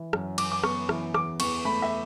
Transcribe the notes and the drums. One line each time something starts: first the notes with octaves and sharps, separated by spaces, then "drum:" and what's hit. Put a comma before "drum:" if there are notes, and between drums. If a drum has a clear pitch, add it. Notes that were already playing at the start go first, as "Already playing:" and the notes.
Already playing: E3
F#2, drum: rim click
F#2 D6, drum: cymbal
D6
B3 C#6, drum: rim click
E3, drum: rim click
E2 D6, drum: rim click
E2 C#6, drum: cymbal
A3 B5
E5